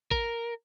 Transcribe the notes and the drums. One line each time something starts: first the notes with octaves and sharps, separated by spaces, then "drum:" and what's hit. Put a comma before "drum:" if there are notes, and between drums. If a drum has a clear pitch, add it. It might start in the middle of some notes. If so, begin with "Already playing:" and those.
A#4, drum: kick G#1